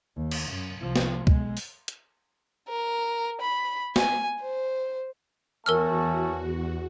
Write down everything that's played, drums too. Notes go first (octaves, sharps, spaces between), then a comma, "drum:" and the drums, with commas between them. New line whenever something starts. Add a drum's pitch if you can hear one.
D#2
drum: cymbal
F#2
C2 F3
drum: snare
B1 G#3, drum: kick C#2
drum: open hi-hat
drum: hi-hat
A#4
B5
G#5, drum: snare
C5
E2 A3 C#4 F#4 A#4 A5 E6 F6